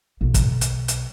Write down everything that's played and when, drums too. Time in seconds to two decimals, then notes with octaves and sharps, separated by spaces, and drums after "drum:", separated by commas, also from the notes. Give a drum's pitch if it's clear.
0.21 B1
0.34 drum: kick, hi-hat
0.61 drum: hi-hat
0.88 drum: hi-hat